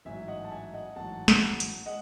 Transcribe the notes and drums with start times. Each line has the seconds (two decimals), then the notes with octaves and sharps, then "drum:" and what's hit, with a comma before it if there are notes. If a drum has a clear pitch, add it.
0.05 A1 G#2 F#3 E5 G#5
0.28 D#5 F#5
0.44 A5
0.51 E5 G#5
0.74 D#5 F#5
0.96 A1 G#2 F#3 F#5 A5
1.28 drum: snare
1.60 drum: hi-hat
1.86 G#3 D#5 F#5